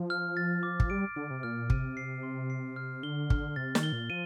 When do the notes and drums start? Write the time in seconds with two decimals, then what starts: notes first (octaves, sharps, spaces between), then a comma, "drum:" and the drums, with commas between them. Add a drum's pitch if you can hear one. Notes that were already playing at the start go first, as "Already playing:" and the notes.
Already playing: F3
0.10 F6
0.37 A6
0.63 D6
0.80 drum: kick
0.90 G3 D7
1.16 D3 D6
1.30 C3
1.43 A#2 F6
1.70 C3 D#7, drum: kick
1.97 C7
2.23 C6
2.50 C7
2.76 F6
3.03 D3 G7
3.30 F6, drum: kick
3.56 C3 A6
3.75 D#3, drum: snare
3.83 G7
3.92 A#2
4.10 F3 D#7